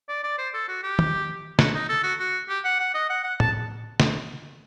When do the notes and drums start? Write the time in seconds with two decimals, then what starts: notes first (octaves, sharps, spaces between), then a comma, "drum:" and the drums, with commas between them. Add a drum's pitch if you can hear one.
0.09 D5
0.23 D5
0.38 C5
0.54 A4
0.68 F#4
0.83 G4
0.99 drum: tom
1.59 F#4, drum: snare
1.75 D#4
1.89 A4
2.03 F#4
2.20 F#4
2.49 G4
2.65 F#5
2.80 F#5
2.94 D#5
3.10 F#5
3.24 F#5
3.40 A5, drum: tom A2
4.00 drum: snare